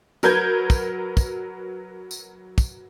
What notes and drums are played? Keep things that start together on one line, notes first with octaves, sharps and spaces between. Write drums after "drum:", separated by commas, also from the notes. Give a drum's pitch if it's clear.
F#3 A#4 B4 G6 G#6, drum: tambourine
drum: kick, tambourine
drum: kick, tambourine
drum: tambourine
drum: kick, tambourine